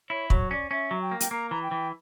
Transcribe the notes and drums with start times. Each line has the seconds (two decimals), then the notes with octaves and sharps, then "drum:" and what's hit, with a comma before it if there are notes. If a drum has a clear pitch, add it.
0.10 E4 C#5
0.30 F#3 C#5, drum: kick
0.51 C#4 D5
0.70 C#4 E5
0.91 F#3
1.01 G5
1.11 A#3
1.20 G5, drum: hi-hat
1.31 A#3 A#5
1.50 E3 A#5
1.62 G5
1.71 E3